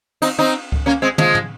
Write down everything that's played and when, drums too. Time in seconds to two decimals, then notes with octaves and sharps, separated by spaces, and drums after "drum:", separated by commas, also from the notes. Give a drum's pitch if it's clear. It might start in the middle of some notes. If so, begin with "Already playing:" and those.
0.22 C4 D#4, drum: cymbal
0.39 C4 D#4
0.72 drum: kick C#2
0.86 A#3 C#4
1.02 G#3 C4
1.18 F3 G#3, drum: tom
1.35 drum: tom